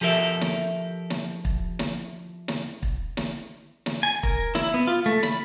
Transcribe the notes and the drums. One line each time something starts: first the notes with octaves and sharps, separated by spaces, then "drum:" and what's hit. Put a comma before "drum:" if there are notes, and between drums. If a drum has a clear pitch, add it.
F3 G4 A4 A#4 E5
drum: snare
drum: snare
drum: kick
drum: snare
drum: snare
drum: kick
drum: snare
drum: snare
G#5
A#4, drum: kick
E4, drum: snare
B3
F4
A3
B5, drum: snare